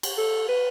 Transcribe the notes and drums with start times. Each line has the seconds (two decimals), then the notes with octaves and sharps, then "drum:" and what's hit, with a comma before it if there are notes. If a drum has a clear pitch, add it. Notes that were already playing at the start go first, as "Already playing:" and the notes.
0.03 drum: cymbal
0.18 A4
0.49 B4